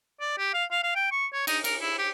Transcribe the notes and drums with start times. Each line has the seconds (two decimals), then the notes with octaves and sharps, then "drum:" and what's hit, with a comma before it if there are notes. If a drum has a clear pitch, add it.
0.20 D5
0.38 G4
0.54 F5
0.71 F5
0.83 F5
0.95 G5
1.12 C#6
1.33 C#5
1.47 D#4, drum: cymbal
1.64 A#4, drum: cymbal
1.81 E4
1.99 G4